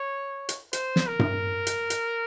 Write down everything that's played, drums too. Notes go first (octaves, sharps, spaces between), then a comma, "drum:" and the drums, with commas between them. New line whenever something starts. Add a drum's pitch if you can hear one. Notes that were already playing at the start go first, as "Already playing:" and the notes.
Already playing: C#5
drum: hi-hat
C5, drum: hi-hat
drum: snare
A#4
drum: tom G2
drum: hi-hat
drum: hi-hat